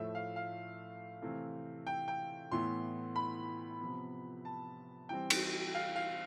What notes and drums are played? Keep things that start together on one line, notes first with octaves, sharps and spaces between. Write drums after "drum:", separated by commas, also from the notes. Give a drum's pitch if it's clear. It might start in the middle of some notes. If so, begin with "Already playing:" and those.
Already playing: A2 F3 A3 E5
F5
F5
C3 E3 A3 C4
G5
G5
A2 E3 B3 C6
B5
C3 F3 B3
A5
E3 G3 C4 G5
drum: cymbal
F5
F5